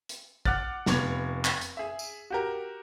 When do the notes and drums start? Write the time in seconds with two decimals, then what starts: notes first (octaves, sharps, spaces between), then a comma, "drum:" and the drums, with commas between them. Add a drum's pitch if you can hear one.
0.09 drum: hi-hat
0.45 F#5 D6 F6 F#6 A6, drum: kick
0.86 F1 B3 C#6 G#6 F7, drum: snare
1.45 drum: clap
1.61 drum: hi-hat
1.77 G#4 E5
1.99 drum: tambourine
2.30 F#4 G4 A#4